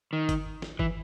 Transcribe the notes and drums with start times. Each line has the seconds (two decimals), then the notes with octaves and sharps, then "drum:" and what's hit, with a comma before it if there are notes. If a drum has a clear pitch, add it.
0.13 D#3
0.29 drum: kick G1, hi-hat
0.62 drum: snare
0.79 E3, drum: kick G1